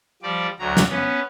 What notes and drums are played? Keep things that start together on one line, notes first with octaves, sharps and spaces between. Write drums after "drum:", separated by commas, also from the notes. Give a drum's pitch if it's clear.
F3 G3 D5
D2 F#3 A#5
drum: snare
B3 C#4